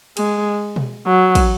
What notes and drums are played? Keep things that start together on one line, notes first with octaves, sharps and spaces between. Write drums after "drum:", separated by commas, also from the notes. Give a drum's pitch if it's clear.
G#3, drum: cymbal
drum: tom B2
F#3
drum: kick, cymbal